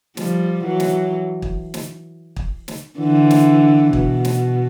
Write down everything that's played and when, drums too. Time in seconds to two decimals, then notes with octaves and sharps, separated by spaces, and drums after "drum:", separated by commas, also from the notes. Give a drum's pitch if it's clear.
0.17 F3 G3, drum: snare
0.64 E3 F#3
0.80 drum: snare
1.42 drum: kick
1.74 drum: snare
2.36 drum: kick
2.68 drum: snare
2.99 D3 E3
3.31 drum: snare
3.93 B2, drum: kick
4.25 drum: snare